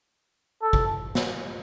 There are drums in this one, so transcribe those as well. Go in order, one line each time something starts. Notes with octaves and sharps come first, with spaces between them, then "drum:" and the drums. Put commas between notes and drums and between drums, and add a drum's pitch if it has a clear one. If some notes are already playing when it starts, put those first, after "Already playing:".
A4
drum: kick
drum: snare